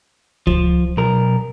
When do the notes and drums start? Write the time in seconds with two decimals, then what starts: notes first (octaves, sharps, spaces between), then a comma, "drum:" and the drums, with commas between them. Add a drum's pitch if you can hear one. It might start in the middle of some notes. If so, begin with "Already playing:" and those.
0.47 F3, drum: kick C#2
0.97 B1 A#4